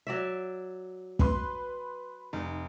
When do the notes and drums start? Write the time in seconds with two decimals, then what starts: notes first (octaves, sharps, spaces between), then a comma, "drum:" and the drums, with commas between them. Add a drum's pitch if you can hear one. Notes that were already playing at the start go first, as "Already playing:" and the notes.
0.07 F#3 D5 E5
1.19 B4 C6, drum: kick
2.33 F1 D#4